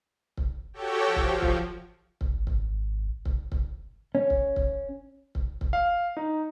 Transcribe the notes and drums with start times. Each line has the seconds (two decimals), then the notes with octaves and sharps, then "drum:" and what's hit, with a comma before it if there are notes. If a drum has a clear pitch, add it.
0.37 drum: kick C#1
0.73 F#4 G4 A4 C#5 G5
1.06 F3
1.16 drum: kick C#1
1.42 drum: kick C#1
2.21 drum: kick C#1
2.34 G#1
2.47 drum: kick C#1
3.25 drum: kick C#1
3.52 drum: kick C#1
4.15 C#4
4.30 drum: kick C#1
4.56 drum: kick C#1
5.35 drum: kick C#1
5.61 drum: kick C#1
5.73 F5
6.17 D#4